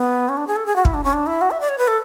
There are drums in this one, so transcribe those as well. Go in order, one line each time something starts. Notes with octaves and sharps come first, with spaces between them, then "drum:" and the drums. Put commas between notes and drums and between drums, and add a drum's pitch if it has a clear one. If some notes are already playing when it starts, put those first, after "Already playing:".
Already playing: B3
C#4
D4
G#4
A4
G#4
F#4
E4, drum: kick
D4
C#4
D4
E4
F#4
E5
D5
C#5
B4
A4